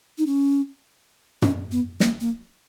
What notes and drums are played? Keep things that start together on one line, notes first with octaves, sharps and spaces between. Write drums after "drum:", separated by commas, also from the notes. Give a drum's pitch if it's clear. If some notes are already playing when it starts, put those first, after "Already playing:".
D#4
C#4
C#4, drum: tom
B3
A#3, drum: snare
A#3